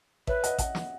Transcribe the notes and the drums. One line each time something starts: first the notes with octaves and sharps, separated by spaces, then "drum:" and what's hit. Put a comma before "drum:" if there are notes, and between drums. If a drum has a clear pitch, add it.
B4 C#5 E5, drum: kick A1
D#5 F#5, drum: hi-hat
D#5 F#5, drum: kick A1, hi-hat
drum: snare